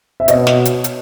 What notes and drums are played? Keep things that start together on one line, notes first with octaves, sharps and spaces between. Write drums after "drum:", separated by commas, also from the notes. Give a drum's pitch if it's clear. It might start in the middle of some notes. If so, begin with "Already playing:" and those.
E5
B2 C#5 D#5, drum: hi-hat
drum: snare
drum: hi-hat
drum: hi-hat